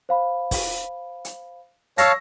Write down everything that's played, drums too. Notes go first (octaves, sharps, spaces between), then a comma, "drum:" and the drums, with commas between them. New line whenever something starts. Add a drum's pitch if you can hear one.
C5 F5 B5
drum: kick, open hi-hat
drum: hi-hat
C#5 F5 A5 C#6 E6 A#6, drum: hi-hat